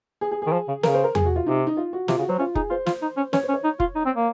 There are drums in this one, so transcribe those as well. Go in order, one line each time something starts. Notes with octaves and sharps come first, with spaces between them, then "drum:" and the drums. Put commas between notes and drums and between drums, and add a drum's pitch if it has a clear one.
G#4
G#4
D#3 G#4
F3
C#3
C#3 A#4, drum: snare
C5
A#4
G#4, drum: tom E2
F#4
F4
C3 D#4
D#4
F4
F#4
C3 F4, drum: snare
C#3 F#4
F#3 C5
C#4 F4
D#4 G#4, drum: kick F1
F4 C5
F4, drum: snare
D#4
C#4
C#4 C#5, drum: snare
C5
C#4
C#5
D#4
F4, drum: kick F1
D#4
C4
A#3